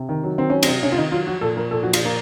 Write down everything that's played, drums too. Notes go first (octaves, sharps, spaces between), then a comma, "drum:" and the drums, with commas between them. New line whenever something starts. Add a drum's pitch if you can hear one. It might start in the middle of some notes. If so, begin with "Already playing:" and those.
Already playing: C3
D#3
F#3
D#3 C4
F#3 C#4
C4, drum: cymbal
C3
C3 C#4
F4
D#3 D#4
F#3 F4
F3 F#4
A#2 A4
F3 A#4
A#2 A4
F#4
F3
F4, drum: cymbal
A#2 A#3